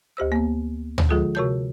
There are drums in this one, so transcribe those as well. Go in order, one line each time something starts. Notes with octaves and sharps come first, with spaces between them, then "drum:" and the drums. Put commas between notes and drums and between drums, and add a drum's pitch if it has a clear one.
D2 G4 C5 E6
A#3 B3
drum: tom
D3 F3 G#3 F4 G#4 A4
C3 F#4 A#4 C#5 A5 G6